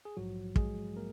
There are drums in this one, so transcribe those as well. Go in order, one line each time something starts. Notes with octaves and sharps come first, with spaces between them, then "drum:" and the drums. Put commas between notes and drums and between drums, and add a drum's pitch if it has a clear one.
G#4
A#1 G#2 F3 F#3 F#4
G#3 G#4, drum: kick
A#3 A#4